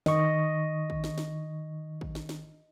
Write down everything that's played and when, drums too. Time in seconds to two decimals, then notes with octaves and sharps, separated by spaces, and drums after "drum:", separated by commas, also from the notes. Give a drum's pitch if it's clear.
0.06 D#3 D#5 C#6, drum: snare
0.90 drum: kick
1.04 drum: snare
1.18 drum: snare
2.01 drum: kick
2.15 drum: snare
2.29 drum: snare